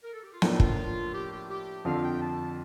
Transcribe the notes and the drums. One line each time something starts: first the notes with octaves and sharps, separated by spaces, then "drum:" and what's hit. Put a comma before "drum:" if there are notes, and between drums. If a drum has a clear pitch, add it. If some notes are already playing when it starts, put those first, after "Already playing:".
A#4
A4
G4
F4
A2 F3 A#3 D4 D#4, drum: snare
F4, drum: kick
G4
G4
G4
F2 D3 F3 C4 F5
G5
A5